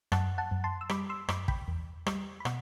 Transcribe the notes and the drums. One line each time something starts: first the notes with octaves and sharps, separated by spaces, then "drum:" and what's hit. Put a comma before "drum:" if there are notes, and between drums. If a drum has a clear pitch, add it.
F#2 F#5 A5, drum: rim click
F#5 A5
F#2
A5 C6
E6
G3 B5 D6, drum: rim click
C6 E6
F#2 B5 D6, drum: rim click
G5 B5, drum: kick
E2
G3, drum: rim click
B5
B2 F#5, drum: rim click